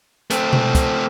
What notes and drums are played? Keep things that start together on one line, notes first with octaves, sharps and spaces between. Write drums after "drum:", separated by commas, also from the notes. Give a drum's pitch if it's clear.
A3 C4, drum: hi-hat
drum: tom B2
drum: kick, hi-hat